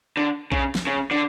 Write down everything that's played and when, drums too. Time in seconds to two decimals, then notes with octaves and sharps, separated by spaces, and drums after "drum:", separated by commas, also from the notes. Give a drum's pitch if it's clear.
0.17 D3
0.52 C#3, drum: kick A#1
0.75 drum: snare
0.87 C#3
1.11 D3